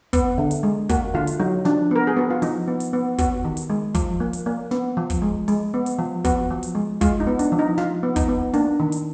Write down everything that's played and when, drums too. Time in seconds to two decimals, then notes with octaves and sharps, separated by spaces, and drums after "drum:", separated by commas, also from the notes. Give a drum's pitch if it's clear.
0.13 B3, drum: kick, hi-hat
0.38 D3
0.51 drum: hi-hat
0.63 G#3
0.89 A#3 F#4, drum: kick, hi-hat
1.14 D3 F4
1.27 drum: hi-hat
1.40 F#3 D#4
1.65 F3 D4, drum: snare
1.91 B3 A#4
2.07 G#4
2.17 B3 F#4
2.30 F4
2.42 F3 D#4, drum: open hi-hat
2.68 B3
2.80 drum: hi-hat
2.93 B3
3.18 B3 F#4, drum: kick, hi-hat
3.44 D#3
3.57 drum: hi-hat
3.70 G#3
3.95 F3, drum: kick, hi-hat
4.20 A#3
4.33 drum: hi-hat
4.46 A#3
4.71 B3, drum: snare
4.97 F3
5.10 drum: kick, hi-hat
5.22 G#3
5.48 G#3, drum: open hi-hat
5.74 B3
5.86 drum: hi-hat
5.99 F3
6.25 B3 F#4, drum: kick, hi-hat
6.50 F3
6.63 drum: hi-hat
6.75 G#3
7.01 G#3 F4, drum: kick, hi-hat
7.20 D#4
7.27 B3
7.39 D4, drum: hi-hat
7.52 F3
7.59 D#4
7.77 F3 F4, drum: snare
8.03 B3
8.16 D#4, drum: kick, hi-hat
8.28 B3
8.54 A#3 D4, drum: open hi-hat
8.80 D#3
8.92 drum: hi-hat